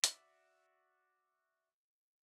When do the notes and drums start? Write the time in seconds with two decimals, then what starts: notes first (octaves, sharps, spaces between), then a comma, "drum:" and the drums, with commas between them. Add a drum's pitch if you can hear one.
0.04 F#4 D5 E5, drum: hi-hat